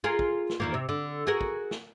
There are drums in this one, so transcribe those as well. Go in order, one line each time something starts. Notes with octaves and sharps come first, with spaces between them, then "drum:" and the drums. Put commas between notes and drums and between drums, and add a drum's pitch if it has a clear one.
F4 G#4 A#4
drum: kick
drum: snare
E2 D#3 A#3
C3
D3
F#4 G#4 A#4
drum: kick
drum: snare